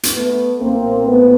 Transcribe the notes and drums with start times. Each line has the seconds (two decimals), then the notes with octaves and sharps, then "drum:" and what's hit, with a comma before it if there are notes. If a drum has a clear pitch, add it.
0.03 drum: hi-hat
0.13 A3 B3
0.60 B1 A#2 A#3 C4
1.07 A3 B3